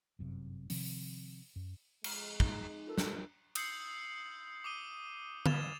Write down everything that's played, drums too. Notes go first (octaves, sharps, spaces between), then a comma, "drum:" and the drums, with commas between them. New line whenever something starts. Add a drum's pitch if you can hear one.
G1 F#2 C3
C3 D#3 F3 C4, drum: open hi-hat
F#2
F2 G#3 F6, drum: cymbal
D#4, drum: kick
F4 A4 A#4
drum: snare
D#6 E6 G6 C7 C#7 F#7, drum: cymbal
D6 D#6 D#7 G7
G#6 A6 E7 F7 G7, drum: tom D3